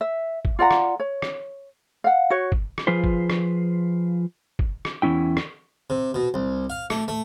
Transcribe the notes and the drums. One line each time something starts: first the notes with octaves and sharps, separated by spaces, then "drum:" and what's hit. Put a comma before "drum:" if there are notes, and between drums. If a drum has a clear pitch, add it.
E5
drum: kick
F4 D5 F#5 A#5
drum: rim click
C#5
drum: rim click
F5 F#5
F#4 C#5
drum: kick
drum: rim click
F3 F4 G#4 B4 C5
drum: kick
drum: rim click
drum: kick
drum: rim click
E2 G3 C#4 E4 G5
drum: rim click
C3
B2
C2
F5
A3, drum: rim click
A3